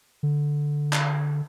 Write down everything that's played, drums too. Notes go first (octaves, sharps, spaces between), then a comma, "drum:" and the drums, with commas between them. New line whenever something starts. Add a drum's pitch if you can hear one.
D3
drum: clap